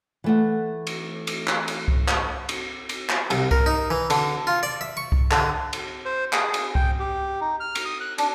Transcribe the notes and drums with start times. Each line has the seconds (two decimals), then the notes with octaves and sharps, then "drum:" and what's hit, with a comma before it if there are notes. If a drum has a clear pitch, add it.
0.24 E3 A3 F#5
0.87 drum: cymbal
1.27 drum: cymbal
1.47 drum: clap
1.68 drum: cymbal
1.88 drum: kick C2
2.08 drum: clap
2.49 drum: cymbal
2.89 drum: cymbal
3.09 drum: clap
3.30 C2, drum: cymbal
3.51 A#4, drum: kick C2
3.66 D#4
3.91 E3
4.10 D3, drum: cymbal
4.47 F4
4.63 D5
4.81 E5
4.97 C#6
5.12 drum: kick C2
5.31 D3, drum: clap
5.73 drum: cymbal
6.05 C5
6.33 G#4, drum: clap
6.54 drum: cymbal
6.75 G5, drum: kick C2
7.00 G4
7.41 D#4
7.60 F6
7.75 drum: cymbal
7.85 D#6
8.00 F#6
8.18 D4, drum: cymbal